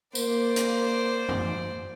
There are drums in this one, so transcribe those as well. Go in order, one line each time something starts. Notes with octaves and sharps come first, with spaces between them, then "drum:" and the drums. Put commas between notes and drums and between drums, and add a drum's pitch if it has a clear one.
A#3 C5 D5, drum: tambourine
drum: hi-hat
drum: tom F#2